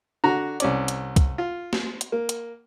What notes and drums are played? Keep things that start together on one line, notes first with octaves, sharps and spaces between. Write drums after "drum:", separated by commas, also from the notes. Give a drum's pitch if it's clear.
D3 F#4 A#5
C2 C#4 D5, drum: hi-hat
drum: hi-hat
drum: kick, hi-hat
F4
drum: snare
drum: hi-hat
A#3
drum: hi-hat